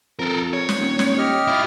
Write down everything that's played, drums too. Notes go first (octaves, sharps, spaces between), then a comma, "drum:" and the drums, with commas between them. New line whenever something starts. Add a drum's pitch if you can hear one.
F2 A4 A#4
C#5
drum: snare
D#1
drum: snare
G4 D#5 F6
E4 F4